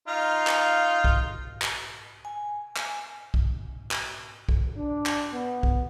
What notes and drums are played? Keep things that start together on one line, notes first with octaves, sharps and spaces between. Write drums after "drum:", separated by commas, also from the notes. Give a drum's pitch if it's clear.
D#4 F4 F5
drum: clap
drum: kick B1
drum: clap
G#5
drum: clap
drum: kick B1
drum: clap
drum: kick B1
D4
drum: clap
B3
drum: kick B1